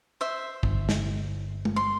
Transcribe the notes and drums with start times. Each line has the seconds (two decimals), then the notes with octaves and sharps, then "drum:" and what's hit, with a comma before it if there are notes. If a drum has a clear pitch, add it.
0.21 C5 E5
0.63 G1, drum: kick
0.89 drum: snare
1.65 drum: tom G#3
1.76 C6